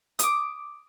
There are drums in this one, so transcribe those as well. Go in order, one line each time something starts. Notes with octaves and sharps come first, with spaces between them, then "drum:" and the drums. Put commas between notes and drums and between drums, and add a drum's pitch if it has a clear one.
D6 D#6, drum: hi-hat